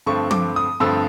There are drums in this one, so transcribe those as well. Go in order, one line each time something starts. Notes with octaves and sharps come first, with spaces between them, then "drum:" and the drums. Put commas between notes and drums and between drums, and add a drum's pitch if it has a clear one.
G2 D3 F3 A3 C4 C#6
D6, drum: tom
D#6
G2 D3 F3 A3 C4 E6